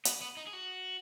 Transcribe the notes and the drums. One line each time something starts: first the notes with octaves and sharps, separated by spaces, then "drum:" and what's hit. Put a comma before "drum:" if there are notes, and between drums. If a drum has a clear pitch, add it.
B3, drum: hi-hat
B3
D#4
G#4
F#4